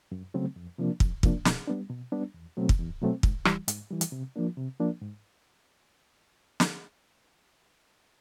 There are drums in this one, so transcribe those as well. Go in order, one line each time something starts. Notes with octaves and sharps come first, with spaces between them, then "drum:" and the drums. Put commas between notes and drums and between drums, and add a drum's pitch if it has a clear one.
F#2
C#3 F#3 A3 C4
F2
C3 F3 A#3 D4
F2, drum: kick
C3 F3 A#3 D4, drum: kick
B2, drum: snare
G3 B3 D4
B2
G3 B3 D4
E2
B2 F#3 A3 C4
drum: kick
E2
B2 F#3 A3 C4
G#2, drum: kick
E3 G3, drum: rim click
G#2, drum: hi-hat
E3 G3
drum: hi-hat
C3
F3 A#3 D4
C3
F3 A#3 D4
G#2
drum: snare